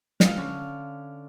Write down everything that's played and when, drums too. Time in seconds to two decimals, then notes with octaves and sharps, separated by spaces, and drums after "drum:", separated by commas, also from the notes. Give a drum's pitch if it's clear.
0.20 F5, drum: snare
0.37 D3 C#4